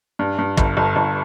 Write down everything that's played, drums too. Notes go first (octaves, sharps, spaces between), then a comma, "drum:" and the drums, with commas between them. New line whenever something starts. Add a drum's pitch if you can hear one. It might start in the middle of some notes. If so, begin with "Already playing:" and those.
G2
G2
G1, drum: kick
G1
G1